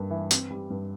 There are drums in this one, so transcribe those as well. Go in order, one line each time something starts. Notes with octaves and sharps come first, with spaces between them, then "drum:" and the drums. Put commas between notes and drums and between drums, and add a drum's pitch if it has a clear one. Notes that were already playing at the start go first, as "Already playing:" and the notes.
Already playing: G2 A#3
E3
C4, drum: hi-hat
G3
G2